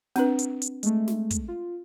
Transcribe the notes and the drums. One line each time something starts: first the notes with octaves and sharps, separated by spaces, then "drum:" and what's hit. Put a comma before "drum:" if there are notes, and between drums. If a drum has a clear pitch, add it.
C4 D4 B4, drum: snare
drum: hi-hat
drum: hi-hat
G#3 A3, drum: hi-hat
drum: snare
drum: kick, hi-hat
F4